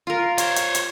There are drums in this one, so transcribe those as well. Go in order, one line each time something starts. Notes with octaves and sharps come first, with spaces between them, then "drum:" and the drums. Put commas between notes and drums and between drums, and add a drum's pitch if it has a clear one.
F4 A#4
C5 C#5, drum: hi-hat
drum: hi-hat
drum: hi-hat